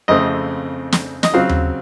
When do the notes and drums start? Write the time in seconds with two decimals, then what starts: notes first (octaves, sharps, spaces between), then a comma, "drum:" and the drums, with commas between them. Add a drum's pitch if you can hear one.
0.08 F2 C#3 A3 C4 D#5
0.92 drum: snare
1.23 D#5, drum: snare
1.34 C#3 F#3 C4 F5
1.49 drum: tom D#2